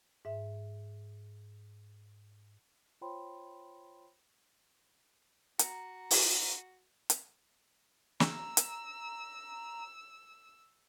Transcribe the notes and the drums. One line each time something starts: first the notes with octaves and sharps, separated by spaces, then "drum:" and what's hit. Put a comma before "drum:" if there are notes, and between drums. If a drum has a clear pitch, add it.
G#2 E5
F4 C5 C#5 G5 B5 C6
F#4 A#5, drum: hi-hat
drum: open hi-hat
drum: hi-hat
A#5 E6, drum: snare
drum: hi-hat